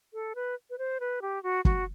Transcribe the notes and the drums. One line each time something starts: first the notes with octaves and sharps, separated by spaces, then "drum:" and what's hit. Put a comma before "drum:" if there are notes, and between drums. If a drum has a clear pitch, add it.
A4
B4
B4
C5
B4
G4
F#4
F#4, drum: kick